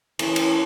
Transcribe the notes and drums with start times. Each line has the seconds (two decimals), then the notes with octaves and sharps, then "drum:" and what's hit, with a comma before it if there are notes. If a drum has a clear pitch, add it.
0.19 E3 A3 C#4 E4, drum: cymbal
0.36 drum: cymbal